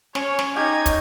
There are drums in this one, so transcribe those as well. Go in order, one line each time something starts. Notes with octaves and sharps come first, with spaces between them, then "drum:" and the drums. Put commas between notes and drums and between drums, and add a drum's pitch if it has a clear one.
C#4 C#5, drum: snare
drum: snare
D#4 G4 G#6
drum: kick, hi-hat